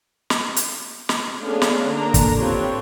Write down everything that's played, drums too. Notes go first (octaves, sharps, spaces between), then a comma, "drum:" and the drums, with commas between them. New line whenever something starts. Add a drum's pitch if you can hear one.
drum: snare
drum: hi-hat
drum: snare
A3 B3 C#4 D4 G#4 F5
drum: snare
D3 A#3 D4 A#5
drum: kick, hi-hat
C4 D4 F4 G4 B4 C#5